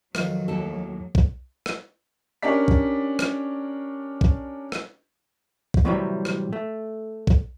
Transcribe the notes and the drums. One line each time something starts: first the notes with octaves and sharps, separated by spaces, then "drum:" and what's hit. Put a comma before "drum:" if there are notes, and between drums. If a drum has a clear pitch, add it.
F2 D#3 F#3 F5, drum: rim click
D#2 A2 A4
drum: kick B1
drum: rim click
C#4 D4 G4 A#4 D5 B6
drum: kick B1
drum: rim click
drum: kick B1
drum: rim click
drum: kick B1
A2 C3 E3 F#3 G3
drum: rim click
A3
drum: kick B1